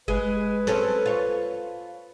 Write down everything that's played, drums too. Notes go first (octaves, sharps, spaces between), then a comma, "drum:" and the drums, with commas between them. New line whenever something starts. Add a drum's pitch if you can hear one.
G#3 B4, drum: kick F#1
C4 C#4 A4, drum: snare
F4 C#5